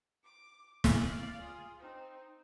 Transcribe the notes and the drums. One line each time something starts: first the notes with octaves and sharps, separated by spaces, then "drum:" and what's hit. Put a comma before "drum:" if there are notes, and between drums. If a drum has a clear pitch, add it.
D6
D5 F5, drum: snare
F4 G#4
C4 D#4